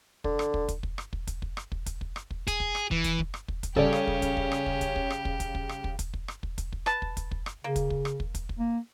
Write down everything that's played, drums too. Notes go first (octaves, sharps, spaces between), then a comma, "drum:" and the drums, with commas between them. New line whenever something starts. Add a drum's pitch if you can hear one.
D3, drum: kick
drum: rim click
drum: kick
drum: kick, hi-hat
drum: kick
drum: rim click
drum: kick
drum: kick, hi-hat
drum: kick
drum: rim click
drum: kick
drum: kick, hi-hat
drum: kick
drum: rim click
drum: kick
G#4, drum: kick, hi-hat
drum: kick
drum: rim click
E3, drum: kick
drum: kick, hi-hat
drum: kick
drum: rim click
drum: kick
drum: kick, hi-hat
C#3 G3 C#4 G4 A4 D5, drum: kick
drum: rim click
drum: kick
drum: kick, hi-hat
drum: kick
drum: rim click
drum: kick
drum: kick, hi-hat
drum: kick
drum: rim click
drum: kick
drum: kick, hi-hat
drum: kick
drum: rim click
drum: kick
drum: kick, hi-hat
drum: kick
drum: rim click
drum: kick
drum: kick, hi-hat
drum: kick
B4 A5, drum: rim click
drum: kick
drum: kick, hi-hat
drum: kick
drum: rim click
C#3 A#3
drum: kick, hi-hat
drum: kick
drum: rim click
drum: kick
drum: kick, hi-hat
drum: kick
A#3